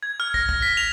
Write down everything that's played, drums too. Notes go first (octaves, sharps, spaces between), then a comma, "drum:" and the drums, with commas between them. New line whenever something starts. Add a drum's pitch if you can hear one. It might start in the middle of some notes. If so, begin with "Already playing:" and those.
G#6
F6
A#6, drum: kick
drum: kick
B6
F7